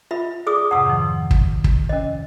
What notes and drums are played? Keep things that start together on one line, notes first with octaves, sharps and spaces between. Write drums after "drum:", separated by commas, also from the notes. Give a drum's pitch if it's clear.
F4 E5 B5
G#4 D5 D6 D#6
F2 G#2 C3 F#5 D#6
D#3 F3
drum: kick
drum: kick
C#4 D#5